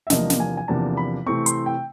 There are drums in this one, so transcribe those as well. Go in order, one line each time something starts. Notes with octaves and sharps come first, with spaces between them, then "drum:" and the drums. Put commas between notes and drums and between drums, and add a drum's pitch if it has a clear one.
E5
E2 C3 F3 A#3 D4 D#5, drum: snare
drum: snare
G#5
G#5
E2 C3 F3 A#3 D4 A5
B5
C3 E3 A3 C4 C#6
C6, drum: hi-hat
G5